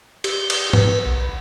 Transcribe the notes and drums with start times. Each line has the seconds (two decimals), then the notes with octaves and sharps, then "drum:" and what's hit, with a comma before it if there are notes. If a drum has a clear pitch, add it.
0.24 G4, drum: cymbal
0.50 drum: cymbal
0.73 B4, drum: tom G#2
1.06 B1